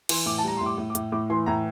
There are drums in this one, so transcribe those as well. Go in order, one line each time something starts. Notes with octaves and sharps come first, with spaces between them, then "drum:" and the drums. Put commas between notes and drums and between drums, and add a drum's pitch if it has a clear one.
E3 C6, drum: cymbal
A2 D6
A5
G3 A#5
A2 C6
D6
A2
D6
A2, drum: hi-hat
A2 D6
E3 C6
A2 A#5